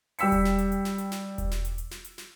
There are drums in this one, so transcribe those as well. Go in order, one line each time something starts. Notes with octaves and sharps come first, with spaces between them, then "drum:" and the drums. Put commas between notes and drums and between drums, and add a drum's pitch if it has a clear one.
G3 G5 E6 B6 C#7, drum: open hi-hat
drum: kick E1, hi-hat
drum: snare
drum: hi-hat
drum: hi-hat
drum: snare
drum: hi-hat
drum: snare
drum: kick E1, hi-hat
drum: snare
drum: hi-hat
drum: hi-hat
drum: snare
drum: hi-hat
drum: snare